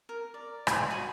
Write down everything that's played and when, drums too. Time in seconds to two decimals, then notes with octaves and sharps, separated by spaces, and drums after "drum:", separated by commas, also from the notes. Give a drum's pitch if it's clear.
0.09 A#4
0.34 D5
0.67 drum: rim click
0.90 F#4 G#5 B5 C6